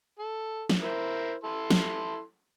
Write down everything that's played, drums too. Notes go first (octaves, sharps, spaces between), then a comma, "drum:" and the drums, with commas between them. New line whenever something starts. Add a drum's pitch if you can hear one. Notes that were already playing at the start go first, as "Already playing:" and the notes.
A4
drum: snare
E4 A#4 C5
E4 A4 C6
drum: snare